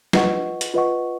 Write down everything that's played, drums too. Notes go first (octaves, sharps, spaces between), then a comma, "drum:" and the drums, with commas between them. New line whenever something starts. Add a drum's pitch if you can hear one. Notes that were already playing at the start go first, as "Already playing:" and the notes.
F4 B4 D#5 F#5 C#6, drum: snare
drum: hi-hat
F4 B4 D#5 F#5 C#6